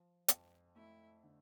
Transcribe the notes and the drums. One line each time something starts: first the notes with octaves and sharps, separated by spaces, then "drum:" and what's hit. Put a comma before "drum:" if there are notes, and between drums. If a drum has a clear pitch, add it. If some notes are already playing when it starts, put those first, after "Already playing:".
Already playing: F3
F2, drum: hi-hat
A3 E4
D3